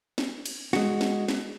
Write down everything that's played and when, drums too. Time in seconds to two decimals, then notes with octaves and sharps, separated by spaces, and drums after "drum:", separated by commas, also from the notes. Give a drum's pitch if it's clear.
0.18 drum: snare
0.46 drum: cymbal
0.73 G#3 F#4, drum: snare
1.01 drum: snare
1.28 drum: snare